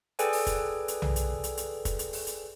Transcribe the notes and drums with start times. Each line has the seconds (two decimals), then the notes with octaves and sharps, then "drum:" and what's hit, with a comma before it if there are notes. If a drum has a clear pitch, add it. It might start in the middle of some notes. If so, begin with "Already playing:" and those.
0.19 G#4 A4 B4 D5 G5 G#5, drum: hi-hat
0.33 drum: open hi-hat
0.47 drum: kick, hi-hat
0.88 drum: hi-hat
1.02 drum: tom B1
1.16 drum: hi-hat
1.44 drum: hi-hat
1.57 drum: hi-hat
1.85 drum: kick, hi-hat
1.99 drum: hi-hat
2.13 drum: open hi-hat
2.27 drum: hi-hat